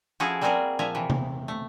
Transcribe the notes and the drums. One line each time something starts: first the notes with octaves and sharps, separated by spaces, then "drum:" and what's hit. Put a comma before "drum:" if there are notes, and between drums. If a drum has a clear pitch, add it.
F3 C#4 E4 F#4 G#4 A4
G3 A#3 C4 F#4 G#4 A#4
A#2 F3 E5 G#5 A#5
C3 E3
drum: tom C3
A3